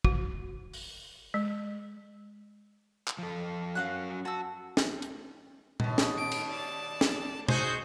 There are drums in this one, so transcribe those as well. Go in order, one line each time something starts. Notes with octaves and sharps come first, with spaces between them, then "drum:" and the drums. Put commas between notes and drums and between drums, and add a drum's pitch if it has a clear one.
F#4, drum: kick
drum: open hi-hat
G#3
drum: clap
F3 A4
F#3 C#4 F5 F#5 F#6
F#4 A5 E6
drum: snare
drum: hi-hat
D#2 B2, drum: tom A#2
drum: snare
D7
drum: cymbal
D5 A5
drum: snare
D#4 F#4 G#4 C5 G6, drum: tom B2